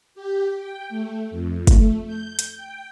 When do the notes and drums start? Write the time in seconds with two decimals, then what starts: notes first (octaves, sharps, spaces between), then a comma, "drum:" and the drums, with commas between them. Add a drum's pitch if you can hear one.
0.15 G4
0.57 G5
0.89 A3
1.31 F2
1.67 A3, drum: kick, hi-hat
2.07 G6
2.39 drum: hi-hat
2.56 G5